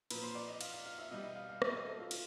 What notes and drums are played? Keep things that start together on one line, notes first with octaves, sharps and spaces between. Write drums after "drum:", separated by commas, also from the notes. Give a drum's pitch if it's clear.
A#2 F3 B4, drum: cymbal
C5
D5
D#5
F5, drum: cymbal
F5
F5
E5
B2 G3 D#5
D#5
F5
F5
E5, drum: rim click
D#5
A4
F4
F4, drum: cymbal